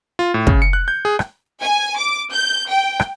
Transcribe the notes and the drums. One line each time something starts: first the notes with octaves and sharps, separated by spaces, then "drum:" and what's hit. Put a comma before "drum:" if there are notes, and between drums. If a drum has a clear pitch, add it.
F4
A2
C#3, drum: kick
C#7
F#6
G6
G#4
drum: rim click
G#5
D6
G6
G5
drum: rim click